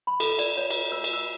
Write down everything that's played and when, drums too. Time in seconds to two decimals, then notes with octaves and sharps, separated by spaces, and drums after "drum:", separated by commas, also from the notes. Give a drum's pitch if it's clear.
0.07 B5
0.20 A4, drum: cymbal
0.39 D5, drum: cymbal
0.57 C#5
0.70 drum: cymbal
0.92 E6
1.04 drum: cymbal
1.13 E6